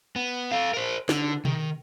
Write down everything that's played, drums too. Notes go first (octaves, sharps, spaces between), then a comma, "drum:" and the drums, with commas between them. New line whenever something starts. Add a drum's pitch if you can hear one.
B3
A4 F5
A#4 C5
D3, drum: snare
D#3, drum: tom B2